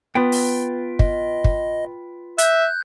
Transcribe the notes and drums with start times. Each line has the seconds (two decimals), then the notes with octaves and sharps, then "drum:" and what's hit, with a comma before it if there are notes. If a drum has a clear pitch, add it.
0.15 B3 F4 B4 G5
0.32 drum: open hi-hat
0.99 D#5, drum: kick
1.44 drum: kick
2.38 E5 F#6 G6, drum: hi-hat